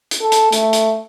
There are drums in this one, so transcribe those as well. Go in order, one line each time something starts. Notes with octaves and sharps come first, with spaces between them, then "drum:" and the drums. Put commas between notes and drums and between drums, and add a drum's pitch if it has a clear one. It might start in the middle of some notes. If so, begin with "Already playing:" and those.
drum: hi-hat
A4
drum: hi-hat
A3, drum: hi-hat
drum: hi-hat